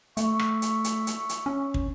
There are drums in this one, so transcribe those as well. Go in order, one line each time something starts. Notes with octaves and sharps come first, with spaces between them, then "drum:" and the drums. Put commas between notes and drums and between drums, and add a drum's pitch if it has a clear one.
A3 E5 C#6, drum: hi-hat
drum: rim click
drum: hi-hat
drum: hi-hat
drum: hi-hat
drum: hi-hat
C#4
drum: kick